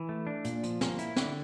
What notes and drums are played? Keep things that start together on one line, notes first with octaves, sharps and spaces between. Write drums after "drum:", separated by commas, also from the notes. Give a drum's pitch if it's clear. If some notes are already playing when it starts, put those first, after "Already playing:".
Already playing: E3
A3
D4
A#2, drum: hi-hat
F3, drum: hi-hat
A#3, drum: snare
E4, drum: hi-hat
D3, drum: snare